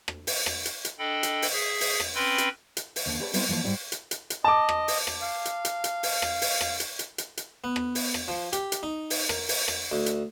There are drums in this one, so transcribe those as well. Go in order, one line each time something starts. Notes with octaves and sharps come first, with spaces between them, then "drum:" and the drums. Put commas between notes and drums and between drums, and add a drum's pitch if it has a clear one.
drum: rim click
drum: open hi-hat
drum: rim click
drum: hi-hat
drum: hi-hat
D4 A4 D#5 G5 B5
drum: hi-hat
drum: open hi-hat
G#4 E5
drum: open hi-hat
drum: rim click
C4 C#4 B4 G5 B5 C6
drum: hi-hat
drum: hi-hat
drum: open hi-hat
D#2 D3
C#4 G4 A4 B4 D5
G3 B3 C4 E4 A4, drum: open hi-hat
E3 F3 A#3
G#2 G3 E4 G#4 D5
drum: hi-hat
drum: hi-hat
drum: hi-hat
D#5 A5 D6
drum: rim click
drum: open hi-hat
drum: rim click
F5
drum: hi-hat
drum: hi-hat
drum: hi-hat
drum: open hi-hat
drum: rim click
drum: open hi-hat
drum: rim click
drum: hi-hat
drum: hi-hat
drum: hi-hat
drum: hi-hat
B3
drum: rim click
drum: open hi-hat
drum: rim click
F3
G4, drum: hi-hat
drum: hi-hat
D#4
drum: open hi-hat
A#4, drum: rim click
drum: open hi-hat
drum: rim click
D2
drum: hi-hat